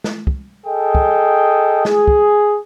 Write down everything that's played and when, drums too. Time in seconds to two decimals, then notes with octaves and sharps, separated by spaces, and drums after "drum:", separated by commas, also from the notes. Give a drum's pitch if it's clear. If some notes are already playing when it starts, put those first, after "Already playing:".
0.04 drum: snare
0.27 drum: kick
0.66 G#4 A4 D#5 G5
0.95 drum: kick
1.85 G#4, drum: snare
2.08 drum: kick